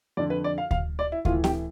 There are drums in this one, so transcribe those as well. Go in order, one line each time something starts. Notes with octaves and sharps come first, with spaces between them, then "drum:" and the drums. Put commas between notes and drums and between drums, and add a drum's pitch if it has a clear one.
F2 D3 D5
B4
D5
F5
F5, drum: kick D2
D5
E4
A2 E3 F4, drum: kick D2
G4, drum: snare C4